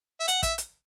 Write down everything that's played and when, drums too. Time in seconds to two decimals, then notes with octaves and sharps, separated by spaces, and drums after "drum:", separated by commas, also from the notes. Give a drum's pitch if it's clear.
0.20 E5
0.28 F#5, drum: hi-hat
0.43 E5, drum: kick, hi-hat
0.58 drum: hi-hat